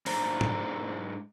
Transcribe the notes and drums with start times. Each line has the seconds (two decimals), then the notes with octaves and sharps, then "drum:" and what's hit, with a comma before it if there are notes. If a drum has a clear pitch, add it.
0.06 G#2 D4 C5 A#5, drum: open hi-hat
0.41 drum: tom